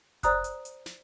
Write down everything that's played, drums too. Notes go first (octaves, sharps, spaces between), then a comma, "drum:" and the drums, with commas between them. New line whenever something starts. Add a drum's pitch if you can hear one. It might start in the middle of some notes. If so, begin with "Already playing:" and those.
C5 D5 A#5 D#6 F#6, drum: kick F1, hi-hat
drum: hi-hat
drum: hi-hat
drum: snare